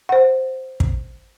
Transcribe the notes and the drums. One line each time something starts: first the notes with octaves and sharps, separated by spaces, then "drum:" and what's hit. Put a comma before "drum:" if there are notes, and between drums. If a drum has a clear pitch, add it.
C5 F#5
drum: kick